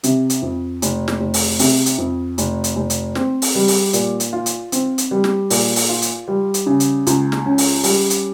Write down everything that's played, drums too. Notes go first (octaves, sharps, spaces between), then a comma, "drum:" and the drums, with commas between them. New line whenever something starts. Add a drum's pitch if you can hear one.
C3, drum: hi-hat
drum: hi-hat
F2
F1, drum: hi-hat
drum: snare
F1
drum: open hi-hat
C3, drum: open hi-hat
drum: hi-hat
F2
F1, drum: hi-hat
drum: hi-hat
F1
drum: hi-hat
C4, drum: snare
drum: open hi-hat
G3
drum: open hi-hat
A#2, drum: hi-hat
drum: hi-hat
F4
drum: hi-hat
C4, drum: hi-hat
drum: hi-hat
G3
drum: snare
A#2, drum: open hi-hat
drum: open hi-hat
F4
drum: hi-hat
G3
drum: hi-hat
C#3
drum: hi-hat
C#2, drum: hi-hat
drum: snare
C#4
drum: open hi-hat
G3, drum: open hi-hat
drum: hi-hat